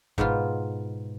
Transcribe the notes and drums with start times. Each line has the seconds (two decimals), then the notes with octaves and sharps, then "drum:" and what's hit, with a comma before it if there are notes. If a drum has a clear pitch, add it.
0.18 G#2 B2 B3 F4, drum: kick